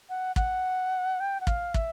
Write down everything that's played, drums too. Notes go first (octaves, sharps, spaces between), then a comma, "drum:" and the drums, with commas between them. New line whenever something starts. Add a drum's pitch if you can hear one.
F#5
F#5, drum: kick
G5
F#5
F5, drum: kick
E5, drum: kick